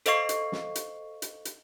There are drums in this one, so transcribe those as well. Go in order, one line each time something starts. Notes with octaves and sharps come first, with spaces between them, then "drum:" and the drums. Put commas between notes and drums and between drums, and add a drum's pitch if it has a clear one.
A4 C5 D#5 F5 C#6 C7, drum: hi-hat
drum: hi-hat
drum: snare
drum: hi-hat
drum: hi-hat
drum: hi-hat